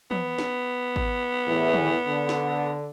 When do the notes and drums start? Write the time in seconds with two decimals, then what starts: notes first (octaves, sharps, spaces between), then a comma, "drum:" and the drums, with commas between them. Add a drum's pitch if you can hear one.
0.11 B3, drum: tom E3
0.38 drum: snare
0.96 drum: kick G#1
1.47 E2 A2 E3
1.74 drum: tom D3
2.07 D3
2.29 drum: snare